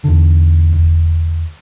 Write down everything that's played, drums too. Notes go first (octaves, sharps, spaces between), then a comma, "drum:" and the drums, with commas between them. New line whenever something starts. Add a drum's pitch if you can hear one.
E2 D3
drum: kick E1